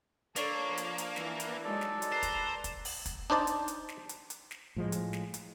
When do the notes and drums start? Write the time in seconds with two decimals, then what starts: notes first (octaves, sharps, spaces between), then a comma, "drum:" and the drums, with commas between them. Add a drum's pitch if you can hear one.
0.36 A#3 D4 A4 C#5, drum: hi-hat
0.65 F3
0.77 drum: hi-hat
0.98 drum: hi-hat
1.16 E3, drum: snare
1.40 drum: hi-hat
1.64 F#3 G#3 D#4 A4 D5
1.81 drum: snare
2.02 drum: hi-hat
2.12 B4 C5 A#5
2.23 drum: kick, hi-hat
2.64 drum: kick, hi-hat
2.85 drum: open hi-hat
3.06 drum: kick, hi-hat
3.30 D4 D#4 C5 D5 A5
3.47 drum: hi-hat
3.68 drum: hi-hat
3.89 drum: snare
4.09 drum: hi-hat
4.30 drum: hi-hat
4.51 drum: snare
4.76 A2 F3 G#3
4.92 drum: hi-hat
5.13 drum: snare
5.34 drum: hi-hat